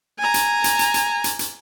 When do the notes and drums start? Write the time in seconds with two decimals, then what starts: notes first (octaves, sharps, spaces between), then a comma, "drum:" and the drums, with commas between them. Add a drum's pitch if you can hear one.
0.19 G#5 A#5
0.34 drum: hi-hat
0.64 drum: hi-hat
0.79 drum: hi-hat
0.94 drum: hi-hat
1.24 drum: hi-hat
1.39 drum: hi-hat